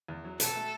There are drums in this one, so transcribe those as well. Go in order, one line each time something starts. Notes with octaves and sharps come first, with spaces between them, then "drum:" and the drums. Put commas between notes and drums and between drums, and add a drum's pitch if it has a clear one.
E2
F#3
B2 A4, drum: hi-hat
A3